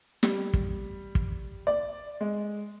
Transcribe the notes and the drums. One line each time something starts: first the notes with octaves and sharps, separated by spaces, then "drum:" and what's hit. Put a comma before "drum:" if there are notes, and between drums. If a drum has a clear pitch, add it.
G3, drum: snare
drum: kick
drum: kick
D5
G#3